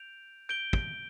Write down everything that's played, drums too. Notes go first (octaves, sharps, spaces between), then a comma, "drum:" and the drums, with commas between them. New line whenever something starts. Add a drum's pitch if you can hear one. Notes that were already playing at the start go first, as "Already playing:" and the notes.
Already playing: G6 D7 F7
G6 D7 G7
drum: kick